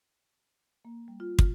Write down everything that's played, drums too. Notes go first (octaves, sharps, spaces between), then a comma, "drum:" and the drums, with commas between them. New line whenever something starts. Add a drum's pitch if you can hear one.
A#3
G3
F4
F6, drum: kick